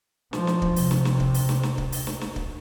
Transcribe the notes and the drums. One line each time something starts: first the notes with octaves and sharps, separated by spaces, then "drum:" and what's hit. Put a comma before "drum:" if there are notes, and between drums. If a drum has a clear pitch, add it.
F3, drum: snare
drum: snare
drum: kick
C3, drum: open hi-hat
drum: snare
drum: snare
drum: kick
drum: open hi-hat
drum: snare
drum: snare
drum: kick
drum: open hi-hat
drum: snare
drum: snare
drum: kick